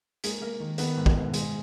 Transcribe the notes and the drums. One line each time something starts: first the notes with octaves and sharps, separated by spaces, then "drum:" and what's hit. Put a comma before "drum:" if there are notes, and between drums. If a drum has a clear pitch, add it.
G#3 A#3 G#4, drum: hi-hat
A#3 A#4
D#3
D#3 B3 B4, drum: hi-hat
G#2
drum: kick
G#2
G#3, drum: hi-hat